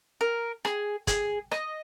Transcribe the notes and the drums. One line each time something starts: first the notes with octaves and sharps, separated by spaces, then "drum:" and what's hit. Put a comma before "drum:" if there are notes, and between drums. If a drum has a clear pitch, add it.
A#4
G#4, drum: rim click
G#4, drum: kick, hi-hat
D#5, drum: rim click